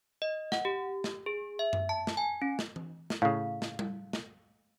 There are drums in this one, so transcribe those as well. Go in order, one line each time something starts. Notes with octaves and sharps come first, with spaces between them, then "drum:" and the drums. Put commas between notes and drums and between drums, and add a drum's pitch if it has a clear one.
D#5
F#5, drum: snare
G4
drum: snare
G#4
E5
drum: tom F#2
A5
drum: snare
G#5
C#4
drum: snare
drum: tom E3
drum: snare
A2 C#3 F5
drum: snare
drum: tom G3
drum: snare